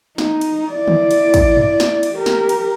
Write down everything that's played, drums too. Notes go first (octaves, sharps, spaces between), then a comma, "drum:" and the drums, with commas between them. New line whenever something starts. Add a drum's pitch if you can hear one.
D#4, drum: snare
drum: cymbal
E4 D5
drum: tom
drum: cymbal
drum: kick, cymbal
drum: tom
drum: snare
drum: cymbal
G4 A#4
drum: snare
drum: cymbal